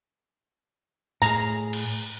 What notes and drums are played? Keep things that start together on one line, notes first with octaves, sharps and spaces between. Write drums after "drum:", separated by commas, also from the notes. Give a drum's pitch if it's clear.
A2 G#4 A#5, drum: hi-hat
drum: cymbal